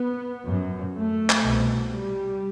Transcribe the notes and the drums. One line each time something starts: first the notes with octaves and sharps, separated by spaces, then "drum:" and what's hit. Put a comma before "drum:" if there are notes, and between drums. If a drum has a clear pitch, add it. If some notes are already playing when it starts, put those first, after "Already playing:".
Already playing: B3
F#2
A3
drum: clap
C2 B2
G3